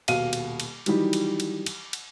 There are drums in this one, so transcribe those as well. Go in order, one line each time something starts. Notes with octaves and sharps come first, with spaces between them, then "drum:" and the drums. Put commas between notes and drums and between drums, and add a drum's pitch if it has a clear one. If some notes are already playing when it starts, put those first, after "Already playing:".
D#1 B2 F5 D#7, drum: cymbal
drum: cymbal
drum: cymbal
D#3 E3 F#3 G3 D#4 G4, drum: cymbal
drum: cymbal
drum: cymbal
drum: cymbal
drum: cymbal